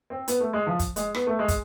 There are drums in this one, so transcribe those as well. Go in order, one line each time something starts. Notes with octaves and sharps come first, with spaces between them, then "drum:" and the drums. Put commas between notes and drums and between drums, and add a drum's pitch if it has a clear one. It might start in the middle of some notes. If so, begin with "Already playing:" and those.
C4
B3, drum: hi-hat
A3
G#3
F3
drum: kick, hi-hat
G#3, drum: hi-hat
B3, drum: rim click
A3
G#3
drum: kick, hi-hat